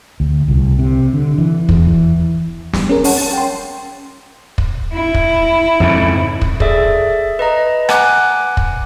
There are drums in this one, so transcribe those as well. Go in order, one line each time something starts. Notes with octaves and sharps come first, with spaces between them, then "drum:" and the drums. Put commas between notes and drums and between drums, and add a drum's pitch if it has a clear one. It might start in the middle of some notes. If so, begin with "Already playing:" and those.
D2
C2
C3
D3
E3
E2, drum: kick
E3
G3, drum: snare
C#4 G#4 A#4
C#4 C#5 F#5 A5, drum: open hi-hat
A6
G5 C6
drum: kick
E4
drum: kick
F2 G#2 C#3
drum: kick
G#4 A4 D5 E5, drum: kick
B4 D#5 A#5
F#5 G#5 D6 F#6, drum: rim click
drum: kick